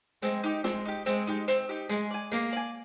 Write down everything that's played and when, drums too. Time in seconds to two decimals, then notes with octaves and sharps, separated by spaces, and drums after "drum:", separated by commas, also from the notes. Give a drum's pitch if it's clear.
0.22 G#3 C4, drum: hi-hat
0.44 D#4 G4
0.64 G#3 C4, drum: snare
0.85 D#4 G4
1.06 G#3 C4, drum: hi-hat
1.27 D#4 G4
1.48 C4, drum: hi-hat
1.69 D#4 G4
1.89 G#3 G#4, drum: hi-hat
2.11 D5 G#5
2.31 A#3 G#4, drum: hi-hat
2.53 D5 G#5